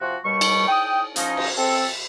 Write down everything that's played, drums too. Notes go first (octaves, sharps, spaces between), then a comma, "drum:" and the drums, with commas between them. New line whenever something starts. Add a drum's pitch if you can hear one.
C3 F3 F4 F#4
D#2 B2 G3 C#6
drum: cymbal
G5 D#6
F3 C#4 D#4, drum: hi-hat
drum: cymbal
C4 A4